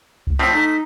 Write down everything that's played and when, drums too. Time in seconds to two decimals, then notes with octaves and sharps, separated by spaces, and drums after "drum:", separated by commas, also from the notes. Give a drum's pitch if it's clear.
0.27 drum: kick C2
0.39 A2 F3 C4 B6
0.53 A3 D#4